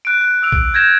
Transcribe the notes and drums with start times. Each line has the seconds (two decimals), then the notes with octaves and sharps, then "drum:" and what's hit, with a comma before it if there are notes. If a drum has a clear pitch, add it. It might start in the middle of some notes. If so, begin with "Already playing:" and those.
0.05 F#6 D7
0.21 F#6
0.42 E6 D7 F7
0.52 drum: kick A#1
0.74 G6 G#6 A#6 E7